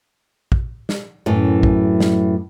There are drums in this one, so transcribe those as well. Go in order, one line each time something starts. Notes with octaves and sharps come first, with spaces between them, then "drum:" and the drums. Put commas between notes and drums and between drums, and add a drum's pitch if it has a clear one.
drum: kick
drum: snare
F#2 A2 E3 C#4
drum: kick
drum: snare